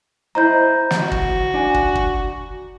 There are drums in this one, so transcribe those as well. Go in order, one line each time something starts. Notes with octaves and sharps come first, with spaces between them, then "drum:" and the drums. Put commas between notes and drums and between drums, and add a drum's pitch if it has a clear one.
E4 C5 D#5 A#5 G6
drum: snare
F#4
drum: kick
D4 G#5
drum: kick
drum: kick